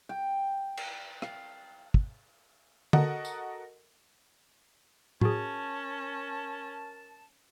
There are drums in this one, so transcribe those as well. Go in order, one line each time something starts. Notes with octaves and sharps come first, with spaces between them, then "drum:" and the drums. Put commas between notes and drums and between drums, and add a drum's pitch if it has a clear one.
G5
drum: cymbal
F5, drum: rim click
drum: kick
F#4 A4 A#4 D#5 F#5, drum: tom
drum: tambourine
C#4 F#4 G#4 A#4 A5, drum: tom A2